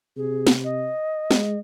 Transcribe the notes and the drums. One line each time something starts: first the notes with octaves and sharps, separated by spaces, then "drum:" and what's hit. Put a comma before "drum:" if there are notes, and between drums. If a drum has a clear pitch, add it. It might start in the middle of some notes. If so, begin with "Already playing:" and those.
C3 G#4
drum: snare
D#5
G#3, drum: snare